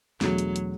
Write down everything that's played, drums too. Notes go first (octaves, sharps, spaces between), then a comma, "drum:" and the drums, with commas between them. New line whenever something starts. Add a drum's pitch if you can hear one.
E2 B2 F#3 A3 D4 F#4, drum: snare
drum: hi-hat
drum: hi-hat